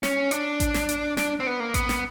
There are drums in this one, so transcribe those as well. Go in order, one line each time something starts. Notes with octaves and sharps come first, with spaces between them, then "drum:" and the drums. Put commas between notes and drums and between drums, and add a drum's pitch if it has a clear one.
C#4, drum: snare
D4, drum: hi-hat
drum: kick A1, hi-hat
drum: snare
drum: hi-hat
D4, drum: snare
C4
B3
A#3
B3, drum: kick A1, hi-hat
drum: snare